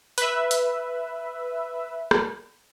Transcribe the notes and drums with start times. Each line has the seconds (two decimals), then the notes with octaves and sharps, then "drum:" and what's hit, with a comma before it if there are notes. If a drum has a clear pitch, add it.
0.18 B4 E5, drum: hi-hat
0.51 drum: hi-hat
2.11 drum: rim click